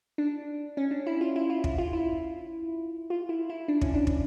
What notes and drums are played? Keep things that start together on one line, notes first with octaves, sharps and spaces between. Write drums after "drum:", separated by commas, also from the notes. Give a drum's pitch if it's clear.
D4
C#4
D4
E4
F4
E4
F4
E4, drum: kick
F4
E4
F4
E4
E4
D4
C#4, drum: kick
D4
drum: kick